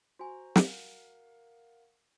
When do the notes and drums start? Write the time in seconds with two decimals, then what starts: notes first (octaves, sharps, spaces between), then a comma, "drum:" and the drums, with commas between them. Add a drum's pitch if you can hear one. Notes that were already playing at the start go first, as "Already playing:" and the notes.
0.19 F#4 C5 G#5 A#5 C#6
0.56 A#4 F5 F#5, drum: snare